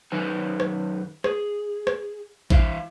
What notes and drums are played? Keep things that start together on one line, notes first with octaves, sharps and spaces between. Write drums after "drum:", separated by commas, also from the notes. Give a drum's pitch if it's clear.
F#2 D#3 D#4 B4 G#5
drum: rim click
G#4, drum: rim click
drum: rim click
E3 E4 E5 F5, drum: kick A#1